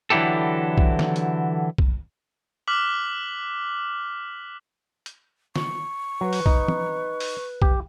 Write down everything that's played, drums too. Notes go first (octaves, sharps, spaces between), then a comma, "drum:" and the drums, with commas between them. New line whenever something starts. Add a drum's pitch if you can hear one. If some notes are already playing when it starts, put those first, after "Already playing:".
D3 E3 F#3 E4 G4 A4
drum: kick B1
drum: snare
drum: hi-hat
drum: kick B1
D6 F6 F#6 B6 F#7
drum: hi-hat
C#6, drum: snare
F#3 B4
drum: open hi-hat
D#4, drum: kick B1
drum: tom
drum: open hi-hat
G4, drum: kick B1